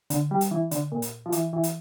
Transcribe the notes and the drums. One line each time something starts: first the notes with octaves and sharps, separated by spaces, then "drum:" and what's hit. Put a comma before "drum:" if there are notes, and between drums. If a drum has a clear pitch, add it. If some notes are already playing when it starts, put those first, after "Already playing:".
D3, drum: hi-hat
G3
drum: hi-hat
E3
D3, drum: hi-hat
A#2
drum: hi-hat
F3
E3, drum: hi-hat
E3
drum: hi-hat